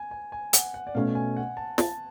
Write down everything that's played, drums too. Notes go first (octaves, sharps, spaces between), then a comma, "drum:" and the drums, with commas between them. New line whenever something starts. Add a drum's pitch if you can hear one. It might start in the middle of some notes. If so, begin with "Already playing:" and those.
Already playing: G#5
G#5
G#5
F#5, drum: hi-hat
F#5
D5
B2 A3 C#4 F5
G#5
F#5
A5
A5, drum: snare